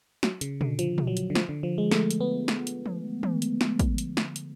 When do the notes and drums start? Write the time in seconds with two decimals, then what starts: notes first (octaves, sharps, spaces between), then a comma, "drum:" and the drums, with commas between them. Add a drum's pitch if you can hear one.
0.23 F#3, drum: snare
0.41 C#3, drum: hi-hat
0.61 D3, drum: tom A#2
0.79 F3, drum: hi-hat
0.98 drum: tom A#2
1.07 F#3
1.17 drum: hi-hat
1.30 D3
1.35 F3, drum: snare
1.49 D3
1.63 F3
1.78 G#3
1.91 A3, drum: snare
2.11 drum: hi-hat
2.21 B3
2.48 drum: snare
2.67 drum: hi-hat
2.86 drum: tom E3
3.23 drum: tom
3.42 drum: hi-hat
3.61 drum: snare
3.79 drum: kick, hi-hat
3.98 drum: hi-hat
4.17 drum: snare
4.36 drum: hi-hat